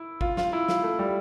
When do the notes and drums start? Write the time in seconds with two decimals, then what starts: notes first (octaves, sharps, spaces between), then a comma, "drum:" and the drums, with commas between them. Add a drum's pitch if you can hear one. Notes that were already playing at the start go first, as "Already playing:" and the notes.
Already playing: E4
0.21 F4, drum: kick
0.37 F4, drum: snare
0.53 E4
0.68 F4, drum: snare
0.83 A3
0.99 G3